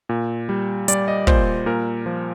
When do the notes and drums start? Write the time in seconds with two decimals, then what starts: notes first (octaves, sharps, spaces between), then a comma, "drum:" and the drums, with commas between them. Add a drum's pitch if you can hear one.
0.09 A#2
0.49 G3
0.88 G3 D5, drum: hi-hat
1.08 D#5
1.27 A#2 C5, drum: kick
1.66 A#2 A#4
2.06 F3